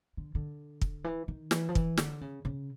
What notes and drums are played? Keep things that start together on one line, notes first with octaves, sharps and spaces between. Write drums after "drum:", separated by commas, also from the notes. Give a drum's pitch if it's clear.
D3
D3
drum: kick
E3
D#3
E3, drum: snare
F3
E3, drum: kick
D3, drum: snare
C#3
C#3